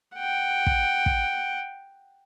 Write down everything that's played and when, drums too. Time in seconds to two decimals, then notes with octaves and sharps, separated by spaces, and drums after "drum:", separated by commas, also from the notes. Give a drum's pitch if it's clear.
0.16 F#5 G5
0.67 drum: kick
1.06 drum: kick